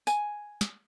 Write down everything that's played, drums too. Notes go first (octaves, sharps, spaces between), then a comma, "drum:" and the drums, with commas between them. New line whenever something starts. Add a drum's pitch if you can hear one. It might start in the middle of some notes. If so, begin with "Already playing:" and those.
G#5, drum: tambourine
drum: snare